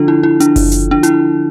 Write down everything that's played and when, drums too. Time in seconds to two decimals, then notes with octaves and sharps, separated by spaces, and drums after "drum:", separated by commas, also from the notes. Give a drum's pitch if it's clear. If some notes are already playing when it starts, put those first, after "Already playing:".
Already playing: D3 F3 D4 F4 A4
0.08 E4
0.23 E4
0.40 D4, drum: hi-hat
0.56 drum: kick F#1, open hi-hat
0.72 drum: hi-hat
0.91 D4
1.03 E4, drum: hi-hat